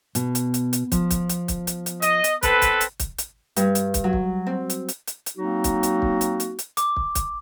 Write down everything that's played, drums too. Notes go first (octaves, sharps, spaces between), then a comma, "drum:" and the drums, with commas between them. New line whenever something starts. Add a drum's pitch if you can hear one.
B2, drum: hi-hat
drum: hi-hat
drum: hi-hat
drum: hi-hat
F3, drum: kick, hi-hat
drum: kick, hi-hat
drum: hi-hat
drum: kick, hi-hat
drum: hi-hat
drum: hi-hat
D#5, drum: hi-hat
drum: hi-hat
C4 A4 B4, drum: kick, hi-hat
drum: kick, hi-hat
drum: hi-hat
drum: kick, hi-hat
drum: hi-hat
G2, drum: hi-hat
drum: hi-hat
drum: kick, hi-hat
F#3
drum: kick
C4
drum: hi-hat
drum: hi-hat
drum: hi-hat
drum: hi-hat
F#3 A#3 C4 D#4 F#4
drum: kick, hi-hat
drum: hi-hat
drum: kick
drum: hi-hat
drum: hi-hat
drum: hi-hat
D6, drum: hi-hat
drum: kick
drum: kick, hi-hat